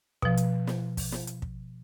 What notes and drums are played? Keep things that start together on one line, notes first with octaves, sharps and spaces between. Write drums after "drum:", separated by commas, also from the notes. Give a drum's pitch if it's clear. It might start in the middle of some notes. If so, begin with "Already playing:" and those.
B2 F3, drum: kick
drum: hi-hat
drum: snare
drum: kick, open hi-hat
drum: snare
drum: hi-hat
drum: kick